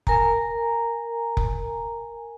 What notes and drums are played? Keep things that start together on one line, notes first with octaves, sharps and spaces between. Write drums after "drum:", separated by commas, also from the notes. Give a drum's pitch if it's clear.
A#4 G#5 A#5, drum: kick F1
drum: kick F1